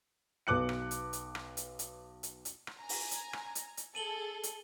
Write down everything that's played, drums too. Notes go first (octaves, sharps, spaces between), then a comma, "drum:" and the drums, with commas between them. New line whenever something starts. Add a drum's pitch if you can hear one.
B1 B4 D6 F#6 C#7
drum: rim click
drum: hi-hat
drum: hi-hat
drum: rim click
drum: hi-hat
drum: hi-hat
drum: hi-hat
drum: hi-hat
drum: rim click
G#5 A#5
drum: open hi-hat
drum: hi-hat
drum: rim click
drum: hi-hat
drum: hi-hat
G#4 A4 D#7 F#7 G7
drum: hi-hat